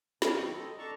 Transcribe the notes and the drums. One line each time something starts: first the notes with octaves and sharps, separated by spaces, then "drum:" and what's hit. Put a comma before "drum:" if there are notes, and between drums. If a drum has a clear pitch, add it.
B2, drum: snare
D2 F3 G5 C#6
C4 A4 D#5
D4 A4 A5 A#5 C#6